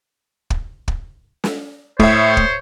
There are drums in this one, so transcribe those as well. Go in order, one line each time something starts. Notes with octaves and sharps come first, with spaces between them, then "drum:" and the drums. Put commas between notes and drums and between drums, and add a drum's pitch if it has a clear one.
drum: kick
drum: kick
drum: snare
A2 A3 C5 C#5 E5, drum: kick
drum: kick